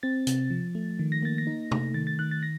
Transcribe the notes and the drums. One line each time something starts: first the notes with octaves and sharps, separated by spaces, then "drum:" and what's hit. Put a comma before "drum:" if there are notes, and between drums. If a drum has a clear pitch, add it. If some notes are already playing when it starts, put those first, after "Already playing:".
C4 A6
C3, drum: hi-hat
F3
A3
D#3
A#6
A#3 A6
A#6
D#4
A3, drum: tom
D#3 A6
A6
D#3 F#6
A6
A#6